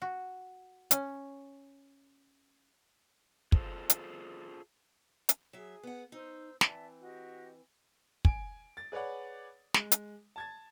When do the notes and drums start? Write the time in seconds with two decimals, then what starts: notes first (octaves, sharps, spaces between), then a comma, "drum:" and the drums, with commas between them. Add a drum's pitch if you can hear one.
0.02 F#4
0.91 C#4, drum: hi-hat
3.52 F4 G#4 A4 C5, drum: kick
3.90 drum: hi-hat
5.29 drum: hi-hat
5.53 F#3 G#4 E5
5.83 B3 F#5
6.12 D#4 C5 E6
6.61 E3 C4 D5 E5 A5, drum: snare
7.00 F#4 G4 D#5
8.25 G#5 D7, drum: kick
8.77 A6
8.92 G#4 B4 C#5 D5 F#5
9.74 G#3, drum: snare
9.92 drum: hi-hat
10.36 A5 G#6 A6